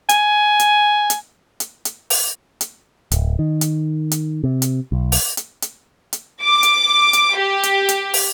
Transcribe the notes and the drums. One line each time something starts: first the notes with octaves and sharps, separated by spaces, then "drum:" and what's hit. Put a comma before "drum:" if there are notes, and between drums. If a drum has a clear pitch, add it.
G#5, drum: hi-hat
drum: hi-hat
drum: hi-hat
drum: hi-hat
drum: hi-hat
drum: open hi-hat
drum: hi-hat
D1, drum: hi-hat
D#3
drum: hi-hat
drum: hi-hat
C3
drum: hi-hat
B1
drum: open hi-hat
drum: hi-hat
drum: hi-hat
drum: hi-hat
D6
drum: hi-hat
drum: hi-hat
G4
drum: hi-hat
drum: hi-hat
drum: open hi-hat